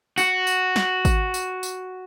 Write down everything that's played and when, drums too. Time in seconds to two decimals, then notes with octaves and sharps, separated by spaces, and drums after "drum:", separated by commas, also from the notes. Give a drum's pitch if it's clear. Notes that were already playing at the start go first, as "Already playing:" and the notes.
0.18 F#4, drum: tambourine
0.47 drum: tambourine
0.76 drum: snare
1.05 drum: kick G#1, tambourine
1.34 drum: tambourine
1.63 drum: tambourine